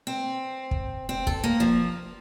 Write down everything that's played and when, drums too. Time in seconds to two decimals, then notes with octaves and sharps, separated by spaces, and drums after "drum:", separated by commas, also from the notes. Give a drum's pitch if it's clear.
0.07 C4
0.71 drum: kick
1.09 C4
1.27 A4, drum: kick
1.44 A#3
1.60 F3